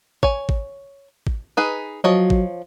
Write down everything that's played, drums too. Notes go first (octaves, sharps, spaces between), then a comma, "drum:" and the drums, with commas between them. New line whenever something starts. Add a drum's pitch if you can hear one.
C#5 G#5, drum: kick G#1
drum: kick G#1
drum: kick G#1
D#4 G#4 B4
F3 F#3 C#5 D#5
drum: kick G#1